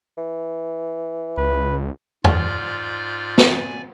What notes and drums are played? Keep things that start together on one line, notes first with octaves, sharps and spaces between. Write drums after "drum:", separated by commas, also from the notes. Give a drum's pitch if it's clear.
E3
C#2 B4
G#2 F4 D5 F6 G6, drum: tom E2
drum: snare
D5 G#5